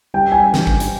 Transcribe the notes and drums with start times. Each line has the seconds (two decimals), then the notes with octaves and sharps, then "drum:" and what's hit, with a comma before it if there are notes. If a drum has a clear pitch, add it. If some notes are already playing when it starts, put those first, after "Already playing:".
0.14 G3 G5
0.32 G#5
0.54 drum: snare
0.67 drum: kick G#1
0.80 drum: hi-hat